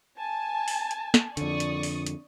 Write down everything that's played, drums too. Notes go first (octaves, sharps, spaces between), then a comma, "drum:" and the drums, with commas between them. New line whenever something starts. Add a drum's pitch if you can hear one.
G#5 A5
drum: open hi-hat
drum: hi-hat
drum: snare
F2 D3 D5 C#6 D#6, drum: hi-hat
drum: hi-hat
drum: open hi-hat
drum: hi-hat